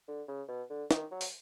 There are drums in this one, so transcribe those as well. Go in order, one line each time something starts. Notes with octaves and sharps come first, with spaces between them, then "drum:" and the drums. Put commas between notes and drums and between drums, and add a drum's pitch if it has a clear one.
D3
C#3
B2
D3
D#3, drum: snare
F#3
drum: open hi-hat